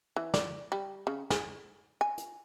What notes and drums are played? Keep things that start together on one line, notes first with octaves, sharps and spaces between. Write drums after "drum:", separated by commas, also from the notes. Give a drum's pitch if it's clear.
E3
D5, drum: snare
G3
C#3
G#4, drum: snare
G#5
drum: hi-hat